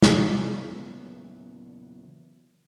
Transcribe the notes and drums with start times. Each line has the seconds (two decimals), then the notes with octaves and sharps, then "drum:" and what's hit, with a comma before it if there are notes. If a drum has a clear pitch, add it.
0.02 E2 A#2 C#3 F#3 B3 C#5, drum: snare